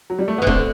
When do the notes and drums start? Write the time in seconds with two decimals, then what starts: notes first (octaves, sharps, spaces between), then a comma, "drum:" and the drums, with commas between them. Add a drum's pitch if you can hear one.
0.10 F#3
0.19 G3
0.28 A3
0.38 E3 B3
0.47 D3 A3 C4, drum: kick C#1